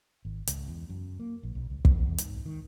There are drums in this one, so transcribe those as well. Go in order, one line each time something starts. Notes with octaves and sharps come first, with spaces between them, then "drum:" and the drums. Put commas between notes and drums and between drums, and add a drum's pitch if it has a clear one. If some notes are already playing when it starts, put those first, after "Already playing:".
G#1
C#2, drum: hi-hat
E2
F#2
A#3
A#1
B1
C#2
E2, drum: kick
G#2, drum: hi-hat
D#3